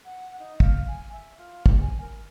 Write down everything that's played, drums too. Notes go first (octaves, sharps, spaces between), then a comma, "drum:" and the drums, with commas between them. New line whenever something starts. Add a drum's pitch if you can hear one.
F#5
D#4
F5, drum: kick
G#5
E5
F4
G4, drum: kick
G#5
A#4